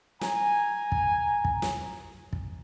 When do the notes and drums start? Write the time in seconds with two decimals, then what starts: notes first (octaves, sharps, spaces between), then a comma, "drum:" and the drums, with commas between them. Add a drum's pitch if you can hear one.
0.21 G#5 A#5, drum: snare
0.92 drum: kick
1.45 drum: kick
1.62 drum: snare
2.33 drum: kick